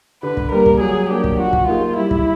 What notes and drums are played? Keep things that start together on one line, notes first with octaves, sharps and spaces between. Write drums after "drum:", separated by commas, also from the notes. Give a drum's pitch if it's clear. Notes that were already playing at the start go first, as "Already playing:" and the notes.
D3 B4
drum: kick
G3 A#3 A#4
drum: kick
F#3 G#4
A#3 D4 G4
drum: kick
F3 F#4
drum: kick
A#3 D#4 F4 G#4
G3 E4
drum: kick